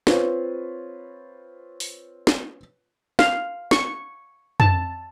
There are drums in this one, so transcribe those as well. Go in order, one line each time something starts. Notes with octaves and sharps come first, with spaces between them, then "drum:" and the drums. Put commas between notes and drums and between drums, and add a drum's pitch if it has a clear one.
C4 F4 B4 C#5, drum: snare
drum: open hi-hat
drum: snare
F5, drum: snare
C#6, drum: snare
A5, drum: tom